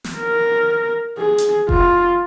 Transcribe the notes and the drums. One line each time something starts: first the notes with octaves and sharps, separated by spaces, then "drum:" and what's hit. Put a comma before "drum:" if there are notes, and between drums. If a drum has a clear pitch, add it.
drum: snare
A#4
G#4
drum: hi-hat
F4, drum: kick F1